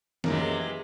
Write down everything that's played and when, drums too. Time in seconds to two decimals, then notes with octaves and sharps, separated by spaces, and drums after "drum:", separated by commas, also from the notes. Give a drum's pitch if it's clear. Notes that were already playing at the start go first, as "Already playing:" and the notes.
0.24 F#2 C3 E3 G#3 A#3 D#4, drum: snare